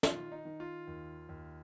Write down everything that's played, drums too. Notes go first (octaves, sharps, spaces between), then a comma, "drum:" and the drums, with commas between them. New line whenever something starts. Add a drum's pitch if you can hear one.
D#3 F4, drum: snare
D#4
D#3
F4
D#2
D#2